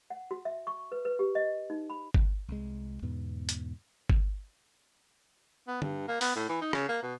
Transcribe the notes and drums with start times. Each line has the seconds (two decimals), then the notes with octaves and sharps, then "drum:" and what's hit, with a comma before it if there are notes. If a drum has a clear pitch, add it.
0.10 F#5
0.31 F#4
0.45 E5
0.67 C#6
0.92 B4
1.05 B4
1.19 G4
1.35 D#5
1.70 D#4
1.90 B5
2.14 drum: kick G1
2.49 C2 G#3
3.02 E2 G#2 B2
3.49 drum: hi-hat
4.10 drum: kick G1
5.68 B3
5.82 G2, drum: tom D3
6.08 A#3
6.21 B3, drum: open hi-hat
6.36 A2
6.49 E3
6.62 D#4
6.73 C#3, drum: rim click
6.89 A#3
7.03 B2